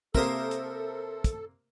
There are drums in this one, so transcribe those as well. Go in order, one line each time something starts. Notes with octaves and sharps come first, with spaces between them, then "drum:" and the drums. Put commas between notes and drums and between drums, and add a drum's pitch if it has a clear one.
C3 A#3 A4 A#4 C5 E5 D#6, drum: kick
drum: hi-hat
drum: kick, hi-hat